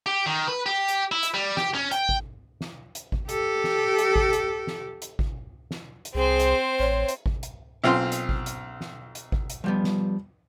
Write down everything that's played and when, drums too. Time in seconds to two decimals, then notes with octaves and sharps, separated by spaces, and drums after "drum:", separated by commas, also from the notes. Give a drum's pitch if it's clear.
0.06 G4
0.26 D#3
0.48 B4
0.66 G4
0.88 drum: hi-hat
1.12 E4
1.23 drum: hi-hat
1.34 G3
1.57 G4, drum: snare
1.75 C#4
1.92 G5, drum: hi-hat
2.09 drum: kick G#1
2.61 drum: snare
2.95 drum: hi-hat
3.12 drum: kick G#1
3.29 G4 A4, drum: hi-hat
3.64 drum: snare
3.98 drum: hi-hat
4.16 drum: kick G#1
4.33 drum: hi-hat
4.67 drum: snare
5.02 drum: hi-hat
5.19 drum: kick G#1
5.71 drum: snare
6.05 drum: hi-hat
6.15 C2 C4 G#4 C5
6.40 drum: hi-hat
6.79 A1 C#5
7.08 drum: hi-hat
7.26 drum: kick G#1
7.43 drum: hi-hat
7.84 B1 C4 C#4 F4 C6
8.12 drum: hi-hat
8.29 drum: kick G#1
8.46 drum: hi-hat
8.81 drum: snare
9.15 drum: hi-hat
9.32 drum: kick G#1
9.50 drum: hi-hat
9.64 F3 G3 B3
9.84 drum: snare